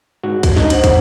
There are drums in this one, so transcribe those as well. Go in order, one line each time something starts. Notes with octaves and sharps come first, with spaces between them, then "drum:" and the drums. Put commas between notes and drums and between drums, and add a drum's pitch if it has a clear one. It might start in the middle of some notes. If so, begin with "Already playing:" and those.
G#2 F#4
drum: kick, cymbal
D#4, drum: snare
D4 C5 F#5, drum: cymbal
drum: kick, cymbal